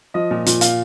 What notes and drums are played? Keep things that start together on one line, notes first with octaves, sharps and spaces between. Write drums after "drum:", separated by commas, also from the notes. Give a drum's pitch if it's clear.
F3 D#5
A#2
A#2, drum: hi-hat
A#2 F5, drum: hi-hat